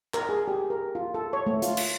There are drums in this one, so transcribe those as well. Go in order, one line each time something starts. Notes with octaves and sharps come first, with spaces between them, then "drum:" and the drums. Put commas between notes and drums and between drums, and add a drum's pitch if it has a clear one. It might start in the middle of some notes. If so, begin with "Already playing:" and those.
A#4, drum: clap
G#4
G4
A#4
F4
A4
C#5
A3
F4, drum: hi-hat
drum: cymbal